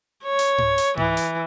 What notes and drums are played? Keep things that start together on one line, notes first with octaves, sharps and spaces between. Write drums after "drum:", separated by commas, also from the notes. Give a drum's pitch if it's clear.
C#5
drum: hi-hat
drum: tom G#2
drum: hi-hat
E3, drum: tom G#2
drum: hi-hat